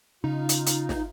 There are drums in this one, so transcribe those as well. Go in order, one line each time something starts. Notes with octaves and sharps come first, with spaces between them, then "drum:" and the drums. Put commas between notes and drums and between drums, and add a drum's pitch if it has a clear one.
C#3 D#4 F4
drum: hi-hat
drum: hi-hat
drum: snare